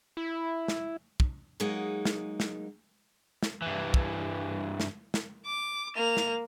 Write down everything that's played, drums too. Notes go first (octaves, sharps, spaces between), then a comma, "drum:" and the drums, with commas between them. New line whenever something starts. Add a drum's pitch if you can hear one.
E4
drum: snare
drum: kick
F#3 G#3 A#3 D#4 G#4 F#5
drum: snare
drum: snare
drum: snare
G2 E3
drum: kick
drum: snare
drum: snare
D6
A#3 F7
drum: snare